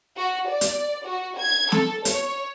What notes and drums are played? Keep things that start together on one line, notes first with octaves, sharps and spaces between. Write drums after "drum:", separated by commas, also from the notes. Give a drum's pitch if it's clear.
F#4
D5
drum: hi-hat
F#4
G#6
A4, drum: snare
C#5, drum: hi-hat